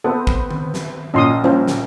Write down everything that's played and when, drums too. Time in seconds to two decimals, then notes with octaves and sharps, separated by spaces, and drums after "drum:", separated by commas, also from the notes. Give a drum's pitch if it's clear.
0.04 B3 C4 A4 B4
0.27 drum: kick
0.51 drum: tom D#3
0.74 drum: snare
1.14 A#1 C#4 D#5 C6 D#6
1.44 C#4 F4 C5, drum: tom G3
1.68 drum: snare